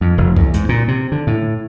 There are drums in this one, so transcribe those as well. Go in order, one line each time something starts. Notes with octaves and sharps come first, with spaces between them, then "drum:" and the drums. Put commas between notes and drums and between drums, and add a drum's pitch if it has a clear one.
F2
F1
E2, drum: kick C2
G#2, drum: hi-hat
A#2
C3
D3
A2